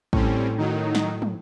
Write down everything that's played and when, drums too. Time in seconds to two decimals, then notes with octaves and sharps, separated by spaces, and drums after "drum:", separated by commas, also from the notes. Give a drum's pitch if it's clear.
0.13 A2 G3 C4 C#4, drum: kick A1
0.58 D#3 F#3 D#4
0.95 drum: snare
1.22 drum: tom